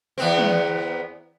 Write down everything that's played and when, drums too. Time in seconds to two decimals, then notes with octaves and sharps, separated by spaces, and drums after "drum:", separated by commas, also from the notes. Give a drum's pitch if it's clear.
0.18 E2 B3 C4
0.38 drum: tom